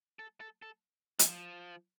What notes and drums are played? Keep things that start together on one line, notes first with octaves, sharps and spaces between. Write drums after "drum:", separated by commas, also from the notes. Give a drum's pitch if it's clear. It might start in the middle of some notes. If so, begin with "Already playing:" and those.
A4
A4
A4
E3, drum: hi-hat
F3